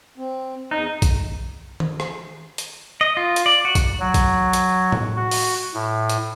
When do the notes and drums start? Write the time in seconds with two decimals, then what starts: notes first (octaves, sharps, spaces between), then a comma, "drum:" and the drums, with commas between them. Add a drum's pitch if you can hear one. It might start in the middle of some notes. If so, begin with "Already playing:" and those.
0.18 C4
0.71 E2 D#4
1.02 drum: kick A#1, hi-hat
1.80 drum: tom D#3
2.00 drum: rim click
2.58 drum: hi-hat
3.01 D#5
3.17 F4
3.36 drum: hi-hat
3.46 D5
3.65 F#4
3.75 drum: kick A#1, hi-hat
4.00 F#3
4.14 drum: kick A#1, hi-hat
4.53 drum: hi-hat
4.92 drum: tom A2
5.16 F#4
5.31 drum: open hi-hat
5.74 A2
6.10 drum: hi-hat